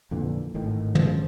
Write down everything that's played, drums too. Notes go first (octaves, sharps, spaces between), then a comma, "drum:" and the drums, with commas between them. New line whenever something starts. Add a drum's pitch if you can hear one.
F2 A#2 D3 E3
G#1 A2 D#3
G2 C#3 F3, drum: tom